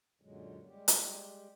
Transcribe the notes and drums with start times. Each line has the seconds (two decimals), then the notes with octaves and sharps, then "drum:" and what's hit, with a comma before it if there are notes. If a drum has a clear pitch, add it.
0.22 F#2 A#2 D3 F#3 G#3
0.66 G3 G#3 G4
0.88 drum: hi-hat